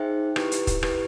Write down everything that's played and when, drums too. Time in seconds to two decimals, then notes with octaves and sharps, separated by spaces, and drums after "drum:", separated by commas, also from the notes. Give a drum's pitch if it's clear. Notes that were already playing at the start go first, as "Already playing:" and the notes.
Already playing: D#4 G#4 C5 E5 G5
0.36 E4 G4 B4, drum: rim click
0.52 drum: hi-hat
0.67 drum: kick, hi-hat
0.83 E4 G4 B4, drum: rim click